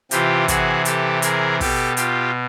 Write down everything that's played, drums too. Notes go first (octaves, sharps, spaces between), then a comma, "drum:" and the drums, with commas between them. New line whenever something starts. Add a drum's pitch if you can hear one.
C3 E3 F4 G4, drum: hi-hat
F#4 G#4, drum: kick, hi-hat
G4 A4, drum: hi-hat
G#4 A#4, drum: hi-hat
B2 G4 A4, drum: kick, open hi-hat
F4 G4, drum: hi-hat